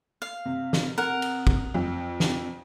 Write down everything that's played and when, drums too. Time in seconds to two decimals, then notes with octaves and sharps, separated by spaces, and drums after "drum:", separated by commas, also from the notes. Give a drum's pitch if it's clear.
0.22 F5
0.45 C3
0.73 drum: snare
0.98 A#4 F#5
1.22 drum: cymbal
1.47 drum: kick
1.74 F2
2.20 drum: snare